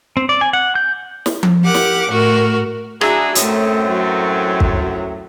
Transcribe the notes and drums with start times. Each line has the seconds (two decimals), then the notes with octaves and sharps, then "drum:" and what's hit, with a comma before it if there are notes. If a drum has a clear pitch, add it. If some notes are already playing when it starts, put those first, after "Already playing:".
0.17 C4
0.29 D5
0.41 G#5
0.53 F#5
0.75 G6
1.26 drum: snare
1.43 drum: tom F3
1.65 G4 A#4 F#5 D6
1.74 drum: snare
2.10 A2 F#4 A#4
3.01 G#3 D4 E4 F#4 G#4 A#5, drum: rim click
3.35 F#2 A2 A3 C4 D#5, drum: hi-hat
3.89 F#3
4.60 drum: kick